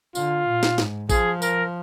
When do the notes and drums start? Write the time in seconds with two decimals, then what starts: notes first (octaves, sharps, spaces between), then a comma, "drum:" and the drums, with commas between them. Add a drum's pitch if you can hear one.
0.15 D3 F4, drum: tambourine
0.47 A#2
0.63 drum: snare
0.78 G#2, drum: snare
1.09 F3 G#4, drum: kick, tambourine
1.42 A#4, drum: tambourine